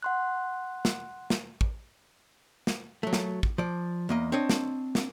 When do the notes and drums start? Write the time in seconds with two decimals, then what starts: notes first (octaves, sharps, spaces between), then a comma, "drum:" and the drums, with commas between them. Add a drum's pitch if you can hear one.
0.03 F#5 C6 F#6
0.85 drum: snare
1.30 drum: snare
1.61 drum: kick
2.67 drum: snare
3.03 F#3 A3
3.13 drum: snare
3.43 drum: kick
3.58 F3 D5
4.09 E2 A#3 D#5
4.32 C4 D4 C#5 D#5
4.49 drum: snare
4.95 drum: snare